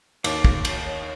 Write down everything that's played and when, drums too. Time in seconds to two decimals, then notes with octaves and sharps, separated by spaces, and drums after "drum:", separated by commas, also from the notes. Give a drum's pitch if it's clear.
0.24 D#2 C#5 F5 D6, drum: cymbal
0.45 drum: kick
0.65 drum: cymbal